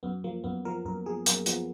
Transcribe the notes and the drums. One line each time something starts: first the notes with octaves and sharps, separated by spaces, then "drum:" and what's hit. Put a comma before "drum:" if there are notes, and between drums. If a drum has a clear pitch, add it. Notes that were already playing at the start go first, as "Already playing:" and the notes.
F#2 B3
F3 A#3
F#2 B3
F3 A#4
F#2 A#4
F3 G#4
F#2 A#3, drum: hi-hat
F3 B3, drum: hi-hat